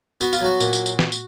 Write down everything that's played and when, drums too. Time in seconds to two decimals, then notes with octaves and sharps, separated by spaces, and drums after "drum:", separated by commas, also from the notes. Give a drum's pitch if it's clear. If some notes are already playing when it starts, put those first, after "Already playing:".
0.21 B3 F#4, drum: tambourine
0.33 F4, drum: tambourine
0.41 F#3 F#4
0.60 A#2, drum: tambourine
0.73 drum: tambourine
0.86 drum: tambourine
0.99 drum: snare
1.12 drum: tambourine